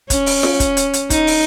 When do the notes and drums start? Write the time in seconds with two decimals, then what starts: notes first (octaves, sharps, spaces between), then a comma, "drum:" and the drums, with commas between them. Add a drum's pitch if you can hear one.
0.10 C#4, drum: kick, hi-hat
0.26 drum: open hi-hat
0.43 drum: snare F4
0.60 drum: kick, hi-hat
0.77 drum: hi-hat
0.93 drum: hi-hat
1.10 D#4, drum: kick, hi-hat
1.27 drum: open hi-hat